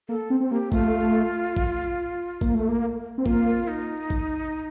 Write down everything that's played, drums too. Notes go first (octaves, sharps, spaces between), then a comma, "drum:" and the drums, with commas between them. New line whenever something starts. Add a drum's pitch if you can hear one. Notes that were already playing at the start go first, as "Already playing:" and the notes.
A#3 A4
C4
C4
A#3 G4
A3 F4, drum: kick A1
drum: kick A1
A#3, drum: kick A1
A3
A#3
C4
A#3 F4, drum: kick A1
D#4
drum: kick A1